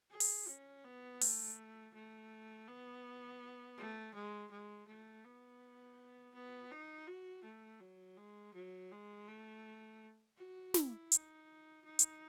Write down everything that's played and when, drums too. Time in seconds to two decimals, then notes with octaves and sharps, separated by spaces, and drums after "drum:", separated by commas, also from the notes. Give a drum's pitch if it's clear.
0.11 G#4
0.20 drum: open hi-hat
0.48 C#4
0.84 B3
1.21 A3, drum: open hi-hat
1.94 A3
2.68 B3
3.78 A3
4.14 G#3
4.51 G#3
4.88 A3
5.25 B3
6.35 B3
6.71 D#4
7.07 F#4
7.44 A3
7.81 F#3
8.17 G#3
8.54 F#3
8.92 G#3
9.28 A3
10.37 F#4
10.74 E4, drum: snare
11.12 D#4, drum: hi-hat
11.85 D#4
11.99 drum: hi-hat